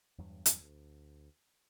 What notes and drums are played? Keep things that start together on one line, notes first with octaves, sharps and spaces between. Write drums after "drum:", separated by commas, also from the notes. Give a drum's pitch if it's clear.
E2 G2 F#3
drum: hi-hat
D2